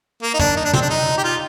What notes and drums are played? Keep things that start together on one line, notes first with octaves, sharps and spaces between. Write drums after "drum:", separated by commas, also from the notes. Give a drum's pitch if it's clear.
A#3
D#4
D4, drum: tom
D#4
D4
C4, drum: tom
D4
D#4
G4
F4